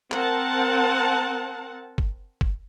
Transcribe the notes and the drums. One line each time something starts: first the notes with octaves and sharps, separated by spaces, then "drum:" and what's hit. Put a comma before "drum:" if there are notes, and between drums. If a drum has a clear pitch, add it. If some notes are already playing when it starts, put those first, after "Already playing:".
C4 A#4 F#5 A5, drum: clap
drum: kick
drum: kick